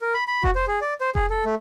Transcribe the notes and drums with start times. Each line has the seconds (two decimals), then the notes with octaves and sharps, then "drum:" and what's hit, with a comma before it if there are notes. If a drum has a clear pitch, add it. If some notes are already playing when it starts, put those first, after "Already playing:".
0.01 A#4
0.14 B5
0.28 B5
0.44 F#4, drum: kick F1
0.55 C5
0.68 G#4
0.81 D5
1.01 C5
1.15 G#4, drum: kick F1
1.30 A4
1.45 A3